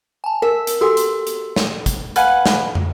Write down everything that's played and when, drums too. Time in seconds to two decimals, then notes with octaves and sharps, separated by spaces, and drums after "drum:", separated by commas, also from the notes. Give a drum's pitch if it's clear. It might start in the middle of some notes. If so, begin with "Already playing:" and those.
0.24 G#5 A5
0.42 A#4 E5
0.67 drum: hi-hat
0.81 F#4 G4 A4 G#5 C6 E6
0.97 drum: hi-hat
1.27 drum: hi-hat
1.56 drum: snare
1.86 drum: kick, hi-hat
2.16 B4 F5 F#5 G#5 F6, drum: hi-hat
2.46 drum: snare
2.75 drum: tom